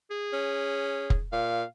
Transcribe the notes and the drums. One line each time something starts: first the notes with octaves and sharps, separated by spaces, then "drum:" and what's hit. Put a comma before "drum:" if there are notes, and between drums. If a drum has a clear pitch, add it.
G#4
C#4
drum: kick
A#2 F5